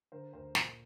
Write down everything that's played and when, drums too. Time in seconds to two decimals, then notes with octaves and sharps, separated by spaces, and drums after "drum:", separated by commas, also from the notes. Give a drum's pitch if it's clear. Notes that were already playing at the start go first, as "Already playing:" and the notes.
0.12 D3 A#4 C5
0.33 D2 A#4 C5
0.55 A#2, drum: snare